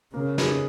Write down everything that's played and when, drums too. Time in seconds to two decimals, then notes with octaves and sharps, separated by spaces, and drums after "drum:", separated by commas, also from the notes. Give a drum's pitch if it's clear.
0.13 C#3 A#3
0.38 D#4 G#4 B4, drum: snare